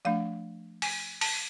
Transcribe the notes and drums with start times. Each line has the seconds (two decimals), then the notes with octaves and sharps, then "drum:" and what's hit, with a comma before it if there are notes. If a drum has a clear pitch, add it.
0.05 F3 A3 D4 F5
0.82 G#5, drum: open hi-hat
1.21 A5, drum: open hi-hat